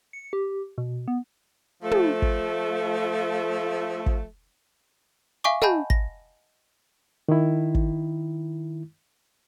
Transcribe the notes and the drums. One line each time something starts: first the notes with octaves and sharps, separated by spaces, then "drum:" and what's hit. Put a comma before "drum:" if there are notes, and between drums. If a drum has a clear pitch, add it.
C#7
G4
B2
B3
F3 A3
drum: tom
drum: kick
drum: kick
E5 F5 G#5 C#6 D6
D#5 F#5 G#5 A5 B5 G6, drum: tom
A#6, drum: kick
D#3 E4
drum: kick